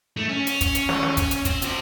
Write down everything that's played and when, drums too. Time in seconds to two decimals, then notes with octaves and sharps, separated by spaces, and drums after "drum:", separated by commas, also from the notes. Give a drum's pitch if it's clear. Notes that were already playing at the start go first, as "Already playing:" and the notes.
0.17 A3
0.29 C#4
0.47 drum: hi-hat
0.61 drum: kick, hi-hat
0.75 drum: hi-hat
0.89 drum: snare
1.03 drum: snare
1.17 drum: kick, hi-hat
1.31 drum: hi-hat
1.45 C4, drum: kick, hi-hat
1.62 F#4 C5, drum: hi-hat